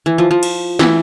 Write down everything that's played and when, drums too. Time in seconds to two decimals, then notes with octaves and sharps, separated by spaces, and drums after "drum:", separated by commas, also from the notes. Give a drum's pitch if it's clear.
0.06 E3
0.18 F3
0.31 F3
0.43 drum: cymbal
0.79 E3, drum: snare